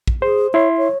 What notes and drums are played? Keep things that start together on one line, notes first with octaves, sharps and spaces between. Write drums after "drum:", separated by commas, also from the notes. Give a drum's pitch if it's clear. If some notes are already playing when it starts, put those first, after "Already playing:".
drum: kick
G#4 C5
E4 C#5 E5 C6
C#5